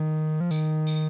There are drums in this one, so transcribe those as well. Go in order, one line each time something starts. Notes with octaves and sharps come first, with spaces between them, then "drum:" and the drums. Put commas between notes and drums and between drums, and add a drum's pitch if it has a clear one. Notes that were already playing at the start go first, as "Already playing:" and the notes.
Already playing: D#3
F3
D#3, drum: tambourine
drum: tambourine